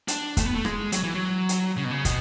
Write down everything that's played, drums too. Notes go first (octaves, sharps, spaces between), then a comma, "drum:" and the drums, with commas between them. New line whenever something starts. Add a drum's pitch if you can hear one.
D4, drum: hi-hat
A3, drum: kick, hi-hat
B3
A3
G#3, drum: rim click
F#3, drum: hi-hat
E3
F#3
drum: hi-hat
C#3
B2
C#3
B2, drum: kick, hi-hat